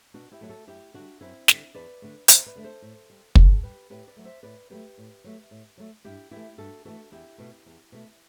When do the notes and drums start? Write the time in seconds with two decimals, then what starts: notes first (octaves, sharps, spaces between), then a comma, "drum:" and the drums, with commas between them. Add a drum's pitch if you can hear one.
0.14 B2 D4 F#4
0.32 E4 G4
0.41 F#3 A3
0.49 F#4 A4
0.67 F#2 E4 G4
0.94 D3 G3 D4 F#4
1.21 F#2 C4 E4
1.48 D3 G3, drum: snare
1.75 E2 B4 D5
2.02 D3 A3
2.28 E2 C5 E5, drum: hi-hat
2.46 B4 D5
2.55 D3 A3
2.64 A4 C5
2.82 A2
3.10 G3
3.35 A2 F#4 A4, drum: kick
3.63 G3 G4 B4
3.90 A2 G4 B4
4.07 B4 D5
4.16 F#3 A3
4.25 C5 E5
4.43 A2 B4 D5
4.70 F#3 A3 G4 B4
4.98 A2
5.24 F#3 A3
5.51 A2
5.77 F#3 A3
6.04 G2 E4 G4
6.31 E3 A3 E4 G4
6.58 G2 F#4 A4
6.85 E3 A3 F#4 A4
7.12 E2 E4 G4
7.38 B2 A3
7.66 E2
7.92 B2 A3